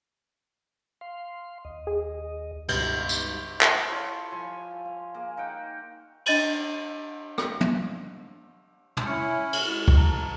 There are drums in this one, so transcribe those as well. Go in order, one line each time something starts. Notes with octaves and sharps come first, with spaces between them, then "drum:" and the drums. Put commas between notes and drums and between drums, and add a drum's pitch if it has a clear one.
F5 C6
D#2 D#5
G#4
C#2 G2 B2 B3 D#4 F5, drum: cymbal
drum: tambourine
drum: clap
E4 F4 A4 C#5
F3 G#5 C6
F5
A#3 G#4
D#4 F#5 G5
D4 D#5 A6 D#7 F#7, drum: cymbal
drum: rim click
drum: tom
drum: tom
C#4 E4 C#6 F6 C#7
drum: cymbal
G#3 E4
drum: kick
A5 A#5